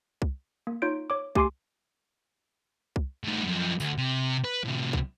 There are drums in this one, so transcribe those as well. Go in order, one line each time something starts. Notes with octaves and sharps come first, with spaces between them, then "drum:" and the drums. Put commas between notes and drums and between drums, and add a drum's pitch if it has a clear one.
drum: kick C2
A#3
D#4 F4 C#5 G6 D7
C#5 D6
A3 G4 G#5 C6 D6 C7, drum: kick C2
drum: kick C2
A2 D#4
F#2 F3
D2, drum: tambourine
C3
B4
A2 C3
drum: kick C2